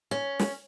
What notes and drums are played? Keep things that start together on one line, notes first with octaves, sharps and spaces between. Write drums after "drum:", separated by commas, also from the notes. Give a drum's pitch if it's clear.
C#4
drum: snare